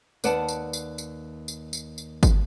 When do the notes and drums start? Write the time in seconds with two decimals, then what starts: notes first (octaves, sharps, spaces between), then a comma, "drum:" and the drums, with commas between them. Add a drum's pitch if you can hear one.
0.24 D#2 B4 D5 F#5 A5, drum: tambourine
0.49 drum: tambourine
0.73 drum: tambourine
0.98 drum: tambourine
1.48 drum: tambourine
1.73 drum: tambourine
1.98 drum: tambourine
2.23 drum: kick G1, tambourine